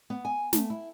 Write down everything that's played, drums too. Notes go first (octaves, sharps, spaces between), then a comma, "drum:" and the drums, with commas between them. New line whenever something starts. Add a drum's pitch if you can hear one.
B3
G#5
A3, drum: snare
E4